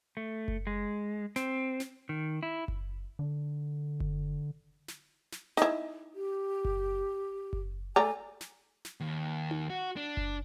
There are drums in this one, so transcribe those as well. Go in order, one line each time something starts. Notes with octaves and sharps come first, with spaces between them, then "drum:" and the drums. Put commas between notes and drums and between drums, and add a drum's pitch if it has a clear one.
A3
drum: kick F#1
G#3
C4, drum: snare
drum: snare
D#3
E4
drum: kick F#1
D3
drum: kick F#1
drum: snare
drum: snare
D#4 E4, drum: snare
G4
drum: kick F#1
drum: kick F#1
A3 D5 G#5 A#5
drum: snare
drum: snare
D#2
drum: tom D#4
F#4
D4
drum: kick F#1